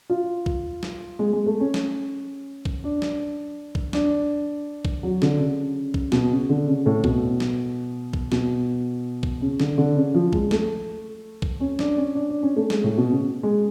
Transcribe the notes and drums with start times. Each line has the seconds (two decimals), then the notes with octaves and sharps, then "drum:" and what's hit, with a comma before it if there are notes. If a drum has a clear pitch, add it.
0.10 F4
0.46 drum: kick
0.83 drum: snare
1.19 G#3
1.33 G#3
1.46 A3
1.60 C#4
1.74 drum: snare
2.65 drum: kick
2.84 D4
3.02 drum: snare
3.75 drum: kick
3.93 D4, drum: snare
4.85 drum: kick
5.03 F#3
5.22 D3, drum: snare
5.40 C#3
5.94 drum: kick
6.12 B2, drum: snare
6.31 C#3
6.49 D3
6.67 C#3
6.86 A2
7.04 B2, drum: kick
7.40 drum: snare
8.13 drum: kick
8.32 B2, drum: snare
9.23 drum: kick
9.41 C#3
9.60 D3, drum: snare
9.78 D3
9.96 C#3
10.14 F3
10.33 G#3, drum: kick
10.51 A3, drum: snare
11.42 drum: kick
11.60 C#4
11.79 D4, drum: snare
11.97 C#4
12.15 D4
12.29 D4
12.43 C#4
12.56 A3
12.70 G#3, drum: snare
12.84 A2
12.98 B2
13.11 C#3
13.43 G#3